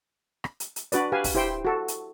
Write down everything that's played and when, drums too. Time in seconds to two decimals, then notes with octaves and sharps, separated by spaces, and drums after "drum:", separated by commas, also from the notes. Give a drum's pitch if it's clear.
0.44 drum: rim click
0.60 drum: hi-hat
0.76 drum: hi-hat
0.92 D4 F#4 B4 D5, drum: hi-hat
1.12 G4 B4 F5 G#5
1.24 drum: kick, open hi-hat
1.35 E4 G4 C5 G5 C6
1.65 F#4 A4
1.88 drum: hi-hat